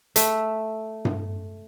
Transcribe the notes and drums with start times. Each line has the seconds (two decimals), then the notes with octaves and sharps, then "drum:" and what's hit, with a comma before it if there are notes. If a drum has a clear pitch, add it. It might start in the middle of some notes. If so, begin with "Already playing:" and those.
0.16 A3 E5, drum: hi-hat
1.05 drum: tom G2